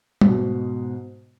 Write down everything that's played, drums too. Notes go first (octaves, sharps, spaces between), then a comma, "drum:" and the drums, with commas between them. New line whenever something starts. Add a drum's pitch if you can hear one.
G#2 B2, drum: tom